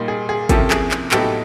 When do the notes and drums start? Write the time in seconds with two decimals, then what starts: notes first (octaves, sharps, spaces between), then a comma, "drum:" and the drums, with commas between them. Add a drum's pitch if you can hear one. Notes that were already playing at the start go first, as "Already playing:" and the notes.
Already playing: A#2 G3 A#3 D#4
0.08 G#4
0.29 G#4
0.49 C3 F3 A#3 C#4 E4 G4 A4, drum: kick, hi-hat
0.70 G#4, drum: clap
0.91 drum: clap
1.11 A2 F#3 B3 D#4 G4 A4, drum: clap